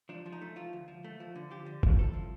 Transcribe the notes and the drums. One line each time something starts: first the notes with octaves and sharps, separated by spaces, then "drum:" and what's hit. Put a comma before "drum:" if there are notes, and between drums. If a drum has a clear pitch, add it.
F3 D4
F3
D#4
A3
F3 F4
D2
F3
A3
F3
D3
F3 G4
D3
F3, drum: kick G1
C2 A4
F3